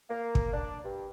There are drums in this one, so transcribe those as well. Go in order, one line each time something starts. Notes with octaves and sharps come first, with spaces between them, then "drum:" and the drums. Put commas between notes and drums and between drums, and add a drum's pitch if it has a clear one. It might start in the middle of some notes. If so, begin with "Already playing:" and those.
A#3
drum: kick
D4
G2